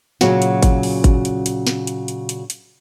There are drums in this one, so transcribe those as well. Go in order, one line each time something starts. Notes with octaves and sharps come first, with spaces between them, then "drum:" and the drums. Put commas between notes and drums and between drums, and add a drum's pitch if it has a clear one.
A#2 C#3 F#3 F#4, drum: snare
drum: hi-hat
drum: kick G#1, hi-hat
drum: open hi-hat
drum: kick G#1, hi-hat
drum: hi-hat
drum: hi-hat
drum: snare
drum: hi-hat
drum: hi-hat
drum: hi-hat
drum: hi-hat